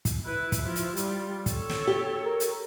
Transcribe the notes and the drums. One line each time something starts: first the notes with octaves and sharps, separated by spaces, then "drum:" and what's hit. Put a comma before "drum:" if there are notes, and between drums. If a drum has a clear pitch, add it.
drum: kick, hi-hat
E4 B4
drum: kick, hi-hat
F3 E4
drum: hi-hat
G3 F4, drum: hi-hat
A4 C#5, drum: kick, hi-hat
drum: snare
G4
A#4
drum: hi-hat